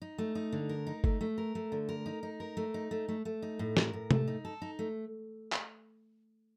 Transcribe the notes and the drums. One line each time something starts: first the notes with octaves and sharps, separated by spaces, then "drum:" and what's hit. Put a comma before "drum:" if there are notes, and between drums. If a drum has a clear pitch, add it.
D#4
A3
D#4
D3
A#4
D#4
A3, drum: kick G1
A3
A#4
A3
D3
A#4
D#4
D#4
A#4
A3
D#4
A3
A3
A3
D#4
A2
A#4, drum: snare
A2
A3, drum: tom C3
D#4
A4
D#4
A3
drum: clap